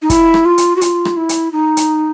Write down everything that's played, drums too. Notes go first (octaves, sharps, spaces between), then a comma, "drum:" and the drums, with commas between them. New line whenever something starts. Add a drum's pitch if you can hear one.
D#4
E4, drum: kick, hi-hat
drum: rim click
F4
drum: hi-hat
F#4
F4, drum: hi-hat
drum: rim click
E4
drum: hi-hat
D#4
drum: hi-hat